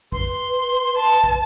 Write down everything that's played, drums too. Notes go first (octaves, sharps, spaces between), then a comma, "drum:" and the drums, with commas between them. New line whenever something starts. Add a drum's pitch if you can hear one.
B4 C6, drum: kick
A5
drum: kick